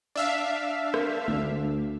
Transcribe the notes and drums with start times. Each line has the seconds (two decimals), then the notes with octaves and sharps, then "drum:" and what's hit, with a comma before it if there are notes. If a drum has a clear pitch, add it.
0.16 D4 E5 F5
0.94 drum: rim click
1.28 D2, drum: tom G#3